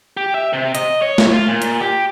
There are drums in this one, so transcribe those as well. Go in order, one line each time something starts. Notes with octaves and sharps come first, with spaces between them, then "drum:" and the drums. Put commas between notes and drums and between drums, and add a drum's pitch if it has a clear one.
G4
E5
C3
D#5, drum: hi-hat
C#5
drum: snare
F4
A#2
drum: hi-hat
G4